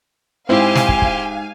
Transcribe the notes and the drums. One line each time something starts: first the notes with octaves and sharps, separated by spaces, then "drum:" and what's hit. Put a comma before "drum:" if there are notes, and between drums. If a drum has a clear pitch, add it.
G#2 C4 E4 G4 C5 F5 G#5
drum: snare
drum: kick
drum: kick